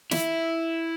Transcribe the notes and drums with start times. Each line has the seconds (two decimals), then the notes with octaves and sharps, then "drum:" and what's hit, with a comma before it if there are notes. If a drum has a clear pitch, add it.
0.11 E4, drum: snare